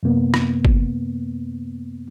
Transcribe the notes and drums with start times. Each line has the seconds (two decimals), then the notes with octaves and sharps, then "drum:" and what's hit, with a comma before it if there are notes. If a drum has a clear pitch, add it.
0.03 F#2 C3 A#3 B3
0.34 drum: rim click
0.65 drum: kick G1